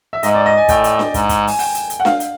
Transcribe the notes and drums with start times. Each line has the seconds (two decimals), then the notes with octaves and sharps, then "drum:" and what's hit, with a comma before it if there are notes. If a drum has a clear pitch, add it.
0.13 E5
0.23 G#2 D#5, drum: hi-hat
0.35 D5
0.46 D#5
0.57 G#5
0.68 A2 G5, drum: kick, hi-hat
0.84 drum: hi-hat
0.99 drum: snare D4
1.14 G#2, drum: kick, hi-hat
1.29 drum: kick, hi-hat
1.47 G#5, drum: open hi-hat
1.59 G5, drum: open hi-hat
1.75 drum: hi-hat
1.90 drum: hi-hat
2.00 F#5
2.05 F5, drum: snare D4
2.20 drum: hi-hat